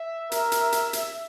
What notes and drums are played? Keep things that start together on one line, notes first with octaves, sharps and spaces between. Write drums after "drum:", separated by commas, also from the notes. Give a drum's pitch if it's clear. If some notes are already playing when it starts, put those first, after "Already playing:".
Already playing: E5
A#4, drum: hi-hat
drum: hi-hat
drum: hi-hat
drum: hi-hat